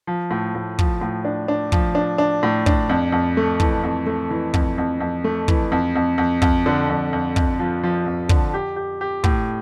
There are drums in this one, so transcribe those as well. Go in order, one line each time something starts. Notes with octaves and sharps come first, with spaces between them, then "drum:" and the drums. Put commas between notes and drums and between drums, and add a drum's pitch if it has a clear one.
F3
A2
A2
F3, drum: kick
A2
D4
D4
F3, drum: kick
D4
D4
A2
D4, drum: kick
F2
F2
A3
E3, drum: kick
F2
A3
E3
F2, drum: kick
F2
F2
A3
E3, drum: kick
F2
F2
F2
F2, drum: kick
D3
F2
F2
F2, drum: kick
F3
F3
F2
D3, drum: kick
G4
G4
G4
A2, drum: kick